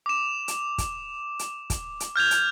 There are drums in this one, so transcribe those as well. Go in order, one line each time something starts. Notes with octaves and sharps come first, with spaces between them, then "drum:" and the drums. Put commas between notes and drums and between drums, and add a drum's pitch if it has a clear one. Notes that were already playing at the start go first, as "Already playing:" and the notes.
D6 E7
drum: hi-hat
drum: kick, hi-hat
drum: hi-hat
drum: kick, hi-hat
drum: hi-hat
F6 G6 G#6 F7
drum: hi-hat